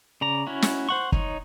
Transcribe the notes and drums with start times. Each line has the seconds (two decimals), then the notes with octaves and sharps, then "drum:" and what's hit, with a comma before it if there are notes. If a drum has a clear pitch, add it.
0.21 C#3 D5 A#5
0.47 C#4 E4 F#4
0.62 drum: snare
0.89 C5 F#5 C#6
1.12 D#4 C#5, drum: kick